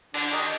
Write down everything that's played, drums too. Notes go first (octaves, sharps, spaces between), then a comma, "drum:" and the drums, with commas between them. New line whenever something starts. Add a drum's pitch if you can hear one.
D3 D4, drum: cymbal
D#3 D#4